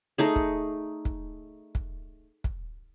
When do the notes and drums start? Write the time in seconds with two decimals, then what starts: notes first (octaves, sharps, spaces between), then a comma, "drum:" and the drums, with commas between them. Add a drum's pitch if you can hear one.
0.18 A3 D#4 G#4
0.36 drum: kick
1.05 drum: kick
1.75 drum: kick
2.44 drum: kick